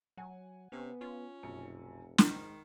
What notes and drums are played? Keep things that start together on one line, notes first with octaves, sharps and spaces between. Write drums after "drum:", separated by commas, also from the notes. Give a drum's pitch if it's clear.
F#3 F#5 G#5
C3 B3 C#4
C#4 F4
F1 B1 F#2 C#7
drum: snare
G#2 D#3 G#3